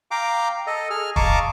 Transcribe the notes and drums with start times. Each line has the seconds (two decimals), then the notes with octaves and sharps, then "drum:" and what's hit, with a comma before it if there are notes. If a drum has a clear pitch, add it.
0.11 F5 G5 A#5 D6
0.67 A4 D#5
0.90 G#4 F6
1.16 D#5 F5 A5 A#5 C#6 D6, drum: kick